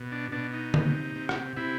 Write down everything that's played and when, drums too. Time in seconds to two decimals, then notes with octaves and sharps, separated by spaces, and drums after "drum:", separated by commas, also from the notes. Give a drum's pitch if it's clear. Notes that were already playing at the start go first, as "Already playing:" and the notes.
Already playing: B2
0.12 D4
0.32 B2 D4
0.53 D#4
0.74 C3, drum: tom D3
1.16 C3
1.29 drum: rim click
1.57 C3 E4